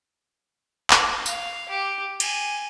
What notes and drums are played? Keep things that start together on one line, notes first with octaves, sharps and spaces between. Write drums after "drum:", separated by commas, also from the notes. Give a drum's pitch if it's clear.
drum: clap
F5, drum: tambourine
G4
G#5, drum: cymbal